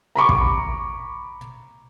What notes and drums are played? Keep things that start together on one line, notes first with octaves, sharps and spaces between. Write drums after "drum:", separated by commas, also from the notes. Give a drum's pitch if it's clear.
A#5 B5 C#6 D6
drum: kick